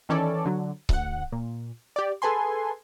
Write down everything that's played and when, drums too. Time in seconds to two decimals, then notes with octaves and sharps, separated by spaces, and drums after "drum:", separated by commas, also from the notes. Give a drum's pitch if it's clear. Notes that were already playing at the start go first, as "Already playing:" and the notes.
0.09 D#3 E3 C#4 A4 C#5 D5
0.46 D3 F#3
0.89 D2 F#5, drum: kick C#1
1.32 A#2
1.96 G4 D5
2.22 G#4 A4 B4 G#5 C6